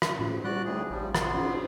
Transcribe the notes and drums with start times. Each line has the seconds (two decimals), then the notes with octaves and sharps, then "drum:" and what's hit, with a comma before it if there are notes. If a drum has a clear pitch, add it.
0.02 drum: rim click
0.19 A2, drum: cymbal
0.44 G3 F#4 D5 F#6
0.65 D2 A2 G#4
0.91 A1 F3 G3
1.15 B2 B3 C6, drum: rim click
1.33 drum: cymbal